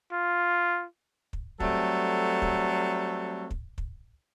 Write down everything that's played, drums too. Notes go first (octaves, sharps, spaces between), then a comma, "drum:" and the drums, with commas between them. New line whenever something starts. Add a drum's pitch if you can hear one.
F4
drum: kick
F#3 G3 A3 C4 A4, drum: kick
drum: kick
drum: kick
drum: kick